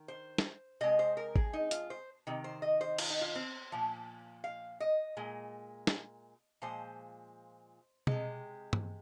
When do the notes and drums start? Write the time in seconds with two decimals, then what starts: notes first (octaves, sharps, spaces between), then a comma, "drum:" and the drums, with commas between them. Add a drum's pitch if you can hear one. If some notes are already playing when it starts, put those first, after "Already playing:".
Already playing: D#3
0.08 C5
0.38 drum: snare
0.81 C3 G#3 D#5
0.99 C5
1.17 A#4
1.36 G#4, drum: kick G#1
1.53 D#4
1.71 F4, drum: hi-hat
1.90 C5
2.27 C3 D#3
2.44 C5
2.62 D#5
2.81 C5
2.98 F4, drum: cymbal
3.10 D#4
3.21 F4
3.35 C4
3.72 A#2 F3
4.44 F5
4.80 D#5
5.17 A#2 G#3
5.87 drum: snare
6.62 A#2 F3 G#3 C5
8.07 C3 G#3, drum: tom B2
8.73 drum: tom G2